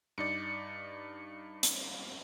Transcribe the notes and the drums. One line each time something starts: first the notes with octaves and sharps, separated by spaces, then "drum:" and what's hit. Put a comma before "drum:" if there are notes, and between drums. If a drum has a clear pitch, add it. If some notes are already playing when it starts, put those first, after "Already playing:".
G2 D#4 D5 C#7
drum: hi-hat